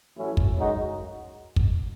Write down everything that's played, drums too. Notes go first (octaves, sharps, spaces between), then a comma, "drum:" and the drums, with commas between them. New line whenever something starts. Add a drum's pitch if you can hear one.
A1 A2 F#3 C#4 E4
drum: kick
F#2 C#3 G#3 D#4 F#4
drum: kick